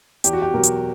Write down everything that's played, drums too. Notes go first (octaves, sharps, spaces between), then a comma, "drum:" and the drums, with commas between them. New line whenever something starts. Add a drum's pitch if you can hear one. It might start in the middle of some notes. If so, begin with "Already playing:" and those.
E2 G4, drum: hi-hat
F#4
G4
B2 F#3 A#4
drum: hi-hat